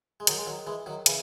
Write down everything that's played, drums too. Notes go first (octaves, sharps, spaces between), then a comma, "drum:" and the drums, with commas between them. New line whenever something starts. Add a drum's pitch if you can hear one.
G#3
D#3 F#3, drum: hi-hat
G#3
D#3 F#3
E3 G#3
D#3 F#3
C#3 E3, drum: hi-hat